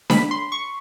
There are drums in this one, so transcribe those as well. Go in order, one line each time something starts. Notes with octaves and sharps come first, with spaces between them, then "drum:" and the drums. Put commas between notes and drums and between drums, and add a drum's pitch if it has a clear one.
B5, drum: snare D4
C6
C#6